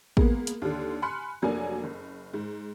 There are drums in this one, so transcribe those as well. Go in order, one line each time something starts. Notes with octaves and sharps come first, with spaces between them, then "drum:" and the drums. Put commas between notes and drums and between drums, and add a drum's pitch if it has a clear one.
G#3 A#3 B3, drum: kick A1
drum: hi-hat
D#2 D3
G#5 B5 C6 F6 F#6 C#7
F1 F#3 A#3 D4 G#5
F#1
G#2